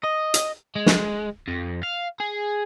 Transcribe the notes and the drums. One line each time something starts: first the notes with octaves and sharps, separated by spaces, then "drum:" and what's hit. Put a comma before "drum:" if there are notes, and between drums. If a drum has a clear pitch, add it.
D#5
drum: hi-hat
G#3
drum: snare
F2
F5
G#4